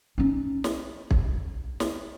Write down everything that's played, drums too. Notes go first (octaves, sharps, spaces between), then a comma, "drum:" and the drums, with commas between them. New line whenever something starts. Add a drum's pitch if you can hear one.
C#4 D#4
drum: snare
drum: kick
drum: snare